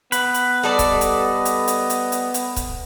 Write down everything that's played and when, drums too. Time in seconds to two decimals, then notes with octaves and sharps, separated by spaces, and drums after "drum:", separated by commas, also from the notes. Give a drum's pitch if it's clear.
0.12 B3 B4, drum: hi-hat
0.34 drum: hi-hat
0.63 G3 A4 D5 D#5
0.79 drum: kick C#1, hi-hat
1.01 drum: hi-hat
1.45 drum: hi-hat
1.68 drum: hi-hat
1.90 drum: hi-hat
2.12 drum: hi-hat
2.34 drum: hi-hat
2.56 drum: kick C#1, hi-hat